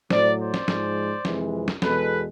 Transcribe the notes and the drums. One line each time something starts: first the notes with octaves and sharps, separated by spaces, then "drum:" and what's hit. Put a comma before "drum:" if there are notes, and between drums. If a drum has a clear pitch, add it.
A2 F#3 C5 D5, drum: snare
C5 D5
drum: snare
G#2 F3 G#3, drum: snare
F2 C3 E3 G#3, drum: snare
drum: snare
E2 B2 G#3 A4 B4, drum: snare